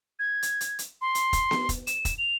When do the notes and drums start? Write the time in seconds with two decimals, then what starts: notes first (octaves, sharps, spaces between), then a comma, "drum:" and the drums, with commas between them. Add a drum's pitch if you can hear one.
0.19 G#6
0.43 drum: hi-hat
0.61 drum: hi-hat
0.79 drum: hi-hat
1.01 C6
1.15 drum: hi-hat
1.33 drum: kick, hi-hat
1.51 drum: snare B3
1.69 drum: kick, hi-hat
1.87 E7, drum: hi-hat
2.05 drum: kick, hi-hat
2.18 F7